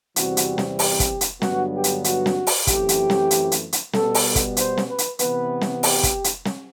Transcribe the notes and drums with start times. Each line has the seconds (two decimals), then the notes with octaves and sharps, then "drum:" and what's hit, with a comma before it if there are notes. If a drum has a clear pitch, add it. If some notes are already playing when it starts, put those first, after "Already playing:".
0.16 E2 C3 E3 G3 C4 F#4, drum: hi-hat
0.37 drum: hi-hat
0.58 drum: snare
0.79 G4, drum: open hi-hat
1.00 drum: kick, hi-hat
1.21 drum: hi-hat
1.42 G2 D3 F#3 B3 F#4, drum: snare
1.73 G4
1.84 drum: hi-hat
2.04 F#4, drum: hi-hat
2.26 drum: snare
2.47 drum: open hi-hat
2.67 F#2 E3 A3 C4 G4, drum: kick, hi-hat
2.89 drum: hi-hat
3.10 drum: snare
3.31 drum: hi-hat
3.52 drum: hi-hat
3.73 drum: hi-hat
3.93 B2 G3 B3 A4, drum: snare
4.15 drum: open hi-hat
4.35 drum: kick, hi-hat
4.57 C5, drum: hi-hat
4.77 drum: snare
4.88 B4
4.98 drum: hi-hat
5.19 C3 E3 B3 B4, drum: hi-hat
5.61 drum: snare
5.83 G4, drum: open hi-hat
6.03 drum: kick, hi-hat
6.24 drum: hi-hat
6.45 drum: snare